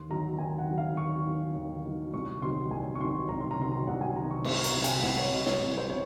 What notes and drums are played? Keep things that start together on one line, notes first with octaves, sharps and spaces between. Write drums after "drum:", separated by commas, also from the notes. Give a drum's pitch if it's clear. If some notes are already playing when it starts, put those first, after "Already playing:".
Already playing: D#2 C6
D#3 F#3 A#5
D#2 G#5
F#5
D#3 F#3
F5
D#2 C#6
D#3 F#3
D#2
D#3 F#3
C2 C#6
C3 D#3 F#3 C6
C2 G#5
C#6
C3 D#3 F#3 C6
C2 A#5
C6
A#5
C3 D#3 F#3 C6
A#5
C2 F#5
G#5
C3 D#3 F#3 A#5
C#6
C2 C#6, drum: cymbal
A#5, drum: hi-hat
C3 F#3
G#5, drum: hi-hat
C2 F#5, drum: snare
C#5
C3 F#3 D#5
C#5, drum: snare
C2
C5
F#3 C#5